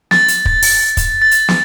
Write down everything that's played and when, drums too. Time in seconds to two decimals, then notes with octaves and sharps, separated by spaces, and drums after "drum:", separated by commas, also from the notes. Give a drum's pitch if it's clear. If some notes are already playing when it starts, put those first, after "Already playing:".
0.11 A6, drum: snare
0.28 drum: hi-hat
0.45 drum: kick
0.63 drum: open hi-hat
0.97 drum: kick, hi-hat
1.22 A6
1.31 drum: hi-hat
1.49 drum: snare